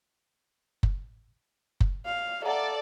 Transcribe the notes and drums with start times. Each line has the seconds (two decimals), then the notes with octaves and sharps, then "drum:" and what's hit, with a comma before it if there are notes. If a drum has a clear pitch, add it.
0.83 drum: kick F#1
1.80 drum: kick F#1
2.06 F5
2.45 A4 D5 E5 F#5 A#5